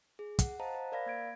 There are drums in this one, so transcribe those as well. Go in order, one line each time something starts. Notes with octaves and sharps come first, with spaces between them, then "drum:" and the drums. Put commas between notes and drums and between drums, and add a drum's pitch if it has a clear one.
G#4
F#5, drum: kick, hi-hat
C5 D#5 F5 F#5 A5 A#5
C5
A#4 D5 F5 B5 A#6
A#3 G#6 D7